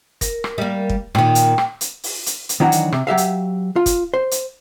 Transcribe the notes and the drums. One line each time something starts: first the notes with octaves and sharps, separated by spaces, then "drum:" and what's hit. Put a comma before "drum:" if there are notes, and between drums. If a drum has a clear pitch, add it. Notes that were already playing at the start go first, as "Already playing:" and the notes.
A#4, drum: kick, hi-hat
drum: rim click
G3 A#3
drum: kick
A#2 D#3 G5, drum: rim click
drum: hi-hat
drum: rim click
drum: hi-hat
drum: open hi-hat
drum: hi-hat
drum: hi-hat
D#3 E3 F#3 D4 D#4 F#4
drum: hi-hat
C3, drum: rim click
F#3 G4 E5 F5
drum: hi-hat
F4
drum: kick, hi-hat
C5
drum: hi-hat